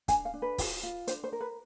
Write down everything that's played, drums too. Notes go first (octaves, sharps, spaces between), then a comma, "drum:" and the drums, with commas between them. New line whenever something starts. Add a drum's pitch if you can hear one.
D4 G#5, drum: kick, hi-hat
F5
D4
B4
F4, drum: kick, open hi-hat
F4
D4 C5, drum: hi-hat
C5
A#4
B4